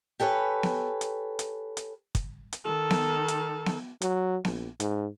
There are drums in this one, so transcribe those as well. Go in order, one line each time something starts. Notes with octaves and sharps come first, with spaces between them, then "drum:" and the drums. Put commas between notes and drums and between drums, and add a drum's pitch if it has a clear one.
G4 A4 B4 C#5 G#5
drum: snare B3
drum: hi-hat
drum: hi-hat
drum: hi-hat
drum: kick, hi-hat
drum: hi-hat
D#3 A4
drum: snare B3
drum: hi-hat
drum: snare B3
F#3, drum: hi-hat
A#1, drum: snare B3
G#2, drum: hi-hat